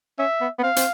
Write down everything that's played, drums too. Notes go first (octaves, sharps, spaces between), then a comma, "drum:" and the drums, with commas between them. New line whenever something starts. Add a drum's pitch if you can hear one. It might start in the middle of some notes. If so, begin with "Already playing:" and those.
C#4 E5
B3
B3
C4 F5
C4, drum: hi-hat